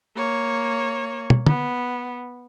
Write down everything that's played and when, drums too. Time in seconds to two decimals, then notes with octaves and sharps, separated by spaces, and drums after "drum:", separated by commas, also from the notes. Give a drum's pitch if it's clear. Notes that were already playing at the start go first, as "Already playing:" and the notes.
0.17 A#3 C#5
1.30 drum: tom
1.46 B3, drum: tom